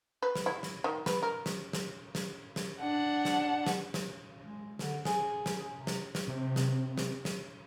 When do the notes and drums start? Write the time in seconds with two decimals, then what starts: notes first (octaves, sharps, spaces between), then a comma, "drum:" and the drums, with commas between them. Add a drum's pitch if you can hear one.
0.22 B4
0.35 drum: snare
0.46 E4
0.63 drum: snare
0.84 D#3
1.06 B4, drum: snare
1.23 A#4
1.46 drum: snare
1.73 drum: snare
2.15 drum: snare
2.56 drum: snare
2.80 D4 F#5
3.25 drum: snare
3.66 drum: snare
3.94 drum: snare
4.42 G#3
4.79 D3, drum: snare
5.05 G#4, drum: snare
5.46 drum: snare
5.73 C3
5.87 drum: snare
6.15 drum: snare
6.27 C3
6.56 drum: snare
6.98 drum: snare
7.25 drum: snare